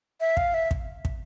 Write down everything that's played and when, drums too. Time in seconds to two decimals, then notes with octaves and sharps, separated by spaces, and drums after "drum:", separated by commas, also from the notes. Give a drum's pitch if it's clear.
0.20 E5
0.37 F5, drum: kick
0.54 E5
0.71 drum: kick
1.05 drum: kick